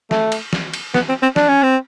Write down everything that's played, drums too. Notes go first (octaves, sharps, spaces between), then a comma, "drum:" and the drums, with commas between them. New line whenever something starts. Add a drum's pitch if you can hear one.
A3, drum: snare
drum: cymbal
drum: snare
drum: cymbal
B3, drum: snare
C4
C4
D4, drum: snare
C#4
C4